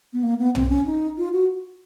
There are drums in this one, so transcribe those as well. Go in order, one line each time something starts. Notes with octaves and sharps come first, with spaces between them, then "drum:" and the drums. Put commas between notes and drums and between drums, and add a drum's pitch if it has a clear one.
B3
A#3
B3
C4, drum: tom
C#4
D#4
F4
F#4